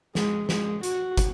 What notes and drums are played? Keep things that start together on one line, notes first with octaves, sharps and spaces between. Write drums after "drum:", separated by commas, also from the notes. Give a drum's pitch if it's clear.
G#3, drum: snare
G#3, drum: snare
F#4, drum: hi-hat
drum: kick, hi-hat